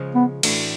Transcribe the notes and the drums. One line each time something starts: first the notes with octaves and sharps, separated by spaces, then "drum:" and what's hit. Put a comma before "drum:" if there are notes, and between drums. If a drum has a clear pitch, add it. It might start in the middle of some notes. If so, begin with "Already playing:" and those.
Already playing: C#3 F3 G#3
B3
A2 E3 A3 D4 F#4, drum: cymbal